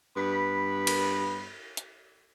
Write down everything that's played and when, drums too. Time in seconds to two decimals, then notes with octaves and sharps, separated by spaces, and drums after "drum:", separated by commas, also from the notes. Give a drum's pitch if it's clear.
0.16 G2 B3 B5
0.87 drum: cymbal
1.77 drum: hi-hat